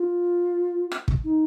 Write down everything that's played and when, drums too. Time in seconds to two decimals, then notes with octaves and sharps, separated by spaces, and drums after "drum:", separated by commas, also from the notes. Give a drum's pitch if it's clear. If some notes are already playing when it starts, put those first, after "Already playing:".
Already playing: F4
0.92 drum: rim click
1.08 drum: kick
1.24 D#4